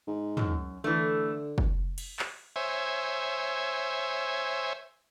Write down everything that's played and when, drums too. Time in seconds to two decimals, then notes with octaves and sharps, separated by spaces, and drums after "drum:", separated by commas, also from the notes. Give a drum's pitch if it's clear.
0.07 G#2
0.37 F#2, drum: tom
0.84 D3 E3 A3
1.58 drum: kick
1.98 drum: cymbal
2.19 drum: clap
2.56 C5 C#5 E5 G#5